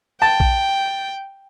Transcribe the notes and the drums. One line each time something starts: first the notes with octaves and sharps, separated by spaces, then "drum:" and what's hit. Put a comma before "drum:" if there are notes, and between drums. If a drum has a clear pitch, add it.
G5 A5
drum: kick A#1